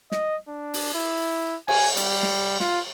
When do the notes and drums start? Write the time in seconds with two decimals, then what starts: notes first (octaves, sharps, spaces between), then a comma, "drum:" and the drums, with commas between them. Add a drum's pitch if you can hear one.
0.12 D#5, drum: snare
0.48 D4
0.74 drum: open hi-hat
0.95 E4
1.68 G#5, drum: cymbal
1.97 G3, drum: hi-hat
2.23 drum: snare
2.60 F4, drum: snare